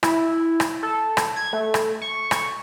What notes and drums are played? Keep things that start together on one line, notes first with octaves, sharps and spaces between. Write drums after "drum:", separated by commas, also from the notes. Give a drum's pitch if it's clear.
E4, drum: rim click
drum: rim click
A4
drum: rim click
G#6
A3
drum: rim click
C#6
drum: rim click